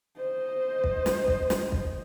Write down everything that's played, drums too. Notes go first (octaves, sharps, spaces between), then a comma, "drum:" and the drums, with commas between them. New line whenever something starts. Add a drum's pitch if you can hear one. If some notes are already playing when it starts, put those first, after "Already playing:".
C5 D#5
drum: kick
drum: snare
drum: kick
drum: snare
drum: kick